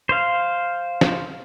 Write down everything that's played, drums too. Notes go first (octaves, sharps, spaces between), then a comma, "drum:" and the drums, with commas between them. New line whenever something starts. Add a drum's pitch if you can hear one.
C5 F5
drum: snare